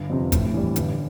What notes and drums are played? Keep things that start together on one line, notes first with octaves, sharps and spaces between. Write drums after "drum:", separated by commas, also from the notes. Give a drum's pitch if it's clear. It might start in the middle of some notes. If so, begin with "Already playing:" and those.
Already playing: G1
F2 C3
A2, drum: kick, hi-hat
E3 G3
G1, drum: hi-hat